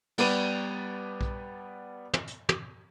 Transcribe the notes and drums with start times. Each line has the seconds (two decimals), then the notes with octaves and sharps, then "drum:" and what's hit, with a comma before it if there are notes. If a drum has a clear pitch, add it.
0.18 G3 B3 B4 D5 D#7, drum: cymbal
1.21 drum: kick B1
2.14 drum: tom
2.28 drum: hi-hat
2.49 drum: tom